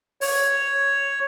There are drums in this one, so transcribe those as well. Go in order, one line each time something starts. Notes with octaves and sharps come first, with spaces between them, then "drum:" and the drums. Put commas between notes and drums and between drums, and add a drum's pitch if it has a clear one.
C#5, drum: open hi-hat